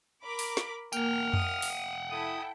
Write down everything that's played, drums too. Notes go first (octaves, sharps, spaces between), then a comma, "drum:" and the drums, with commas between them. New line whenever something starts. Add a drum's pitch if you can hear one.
A#4 B5 D6
drum: open hi-hat
drum: snare
A#3 F#5 G5 F6, drum: tambourine
D#6, drum: tom F2
drum: open hi-hat
E4 A4 D#6